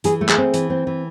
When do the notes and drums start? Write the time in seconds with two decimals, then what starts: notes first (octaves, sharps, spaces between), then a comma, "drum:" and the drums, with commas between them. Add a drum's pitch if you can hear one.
0.04 E3 G#4, drum: hi-hat
0.21 A3
0.29 G#4, drum: clap
0.38 C4
0.54 E3, drum: hi-hat
0.70 C4
0.87 E3